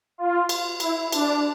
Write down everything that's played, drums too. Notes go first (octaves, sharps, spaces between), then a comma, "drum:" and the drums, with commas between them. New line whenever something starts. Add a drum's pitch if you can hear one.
F4
drum: cymbal
E4, drum: cymbal
D4, drum: cymbal